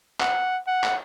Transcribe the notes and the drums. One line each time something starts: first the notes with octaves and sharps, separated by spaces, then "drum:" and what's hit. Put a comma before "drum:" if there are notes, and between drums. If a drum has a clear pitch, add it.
F#5, drum: clap
F#5
drum: clap